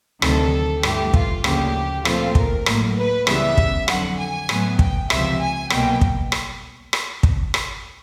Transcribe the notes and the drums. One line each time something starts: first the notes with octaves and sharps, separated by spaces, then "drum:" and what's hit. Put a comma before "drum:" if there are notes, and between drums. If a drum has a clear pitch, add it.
D2 C3 D#3 F#3 A4, drum: rim click
G2 E3 A3 G4, drum: rim click
F4, drum: kick
D2 C#3 F3 A#3 G4, drum: rim click
A#2 F3 A3 C4 F4, drum: rim click
A#4, drum: kick
A2 F#3 A#3, drum: rim click
B4
C#2 C#3 E3 G3 B3 E5, drum: rim click
drum: kick
F2 D3 F#3 F#5, drum: rim click
G#5
A2 F#3 B3, drum: rim click
G5, drum: kick
C#2 C3 F3 E5, drum: rim click
G#5
C2 B2 F#3 A#3 G5, drum: rim click
drum: kick
drum: rim click
drum: rim click
drum: kick
drum: rim click